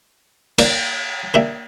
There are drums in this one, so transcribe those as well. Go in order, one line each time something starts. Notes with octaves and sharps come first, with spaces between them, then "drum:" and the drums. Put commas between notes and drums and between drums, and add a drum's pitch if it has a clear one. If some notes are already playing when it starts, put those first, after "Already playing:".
A#3 D4 A#4 D5, drum: cymbal
A#3 D4 G4 A#4 E5